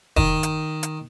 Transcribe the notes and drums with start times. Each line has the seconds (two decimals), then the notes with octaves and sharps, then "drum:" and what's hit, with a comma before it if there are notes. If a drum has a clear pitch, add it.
0.17 D#3, drum: kick E1
0.43 drum: hi-hat
0.83 drum: hi-hat